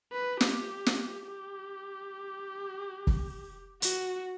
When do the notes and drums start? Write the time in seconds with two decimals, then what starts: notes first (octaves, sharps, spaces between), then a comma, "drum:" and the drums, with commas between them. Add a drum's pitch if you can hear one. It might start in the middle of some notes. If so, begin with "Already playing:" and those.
0.12 B4
0.41 G4, drum: snare
0.86 drum: snare
1.26 G4
3.07 drum: kick
3.82 F#4, drum: hi-hat